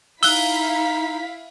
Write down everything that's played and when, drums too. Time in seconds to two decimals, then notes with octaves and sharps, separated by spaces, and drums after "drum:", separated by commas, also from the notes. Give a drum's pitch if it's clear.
0.23 D#4 E4 F5 E6 F#6 B6 G7, drum: open hi-hat